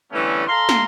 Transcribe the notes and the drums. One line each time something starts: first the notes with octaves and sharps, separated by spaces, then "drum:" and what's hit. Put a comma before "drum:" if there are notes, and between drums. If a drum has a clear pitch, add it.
D3 E3 G3 A3 B3 C#4
A4 F5 A#5 C6
drum: snare